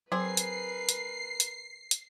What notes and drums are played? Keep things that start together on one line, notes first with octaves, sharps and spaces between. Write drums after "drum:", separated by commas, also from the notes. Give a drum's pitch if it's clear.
F#3 C4 G#4 A#4 B4 C7
drum: hi-hat
drum: hi-hat
drum: hi-hat
drum: hi-hat